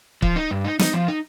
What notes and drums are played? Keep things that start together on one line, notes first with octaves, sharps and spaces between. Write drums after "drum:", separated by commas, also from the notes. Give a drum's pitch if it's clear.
F3, drum: kick C#1
D#4
G2
D#4
D#4, drum: snare
F3
D#4